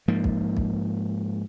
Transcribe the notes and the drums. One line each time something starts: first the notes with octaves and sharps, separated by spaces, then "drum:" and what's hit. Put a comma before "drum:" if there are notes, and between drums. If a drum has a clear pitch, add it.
G#2 F3 A#3
drum: kick
drum: kick